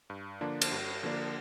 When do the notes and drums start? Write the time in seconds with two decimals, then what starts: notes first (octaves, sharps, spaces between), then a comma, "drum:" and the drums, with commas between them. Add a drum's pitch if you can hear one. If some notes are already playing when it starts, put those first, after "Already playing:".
0.10 G2
0.41 D3 F3 A#3 D4
0.62 drum: cymbal
0.72 G2
1.03 D3 F3 A#3 D4